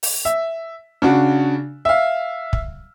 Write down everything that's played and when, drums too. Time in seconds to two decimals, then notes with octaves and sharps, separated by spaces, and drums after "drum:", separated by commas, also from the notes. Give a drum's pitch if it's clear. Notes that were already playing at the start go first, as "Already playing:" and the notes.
0.03 drum: open hi-hat
0.25 E5
1.02 C#3 D4 F#4
1.85 E5 F5
2.53 drum: kick